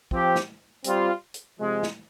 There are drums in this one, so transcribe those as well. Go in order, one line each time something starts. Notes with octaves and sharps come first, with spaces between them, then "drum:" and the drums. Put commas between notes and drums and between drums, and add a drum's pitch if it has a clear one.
F3 C4 G4, drum: kick
drum: snare
G3 C4 F4, drum: hi-hat
drum: hi-hat
C3 F3 G#3
drum: snare